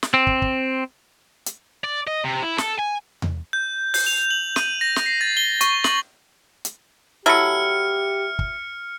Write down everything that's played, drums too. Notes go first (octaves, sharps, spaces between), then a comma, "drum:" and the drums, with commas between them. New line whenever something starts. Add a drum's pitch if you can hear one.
drum: snare
C4
drum: kick
drum: kick
drum: hi-hat
D5
D#5
C3
E4
A4, drum: snare
G#5
drum: tom E2
G6
G6, drum: open hi-hat
F7
F#7
D#7, drum: snare
A#6
drum: snare
C7
A6
G7
C#6, drum: hi-hat
F#7, drum: snare
drum: hi-hat
F#3 A3 E4 G4 F6 C#7
drum: kick